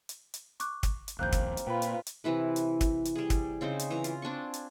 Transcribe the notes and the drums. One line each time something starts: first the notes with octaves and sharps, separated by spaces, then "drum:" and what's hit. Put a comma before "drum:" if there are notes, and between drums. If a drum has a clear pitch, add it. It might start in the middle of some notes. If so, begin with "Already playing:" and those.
drum: hi-hat
drum: hi-hat
C#6 D6 F#6, drum: hi-hat
drum: kick, hi-hat
drum: hi-hat
D#1 A#1 D#2 A#3 C4 F5 F#6 G6
drum: kick, hi-hat
drum: hi-hat
A#2 F4 B4 G5 B5
drum: hi-hat
drum: hi-hat
C3 E3 E4 B4
drum: hi-hat
drum: kick, hi-hat
drum: hi-hat
G3 G#4
drum: kick, hi-hat
C#3 C4 D#4 C5
drum: hi-hat
E3 A#5
F4, drum: hi-hat
C4 D4 G#5 C#6
drum: hi-hat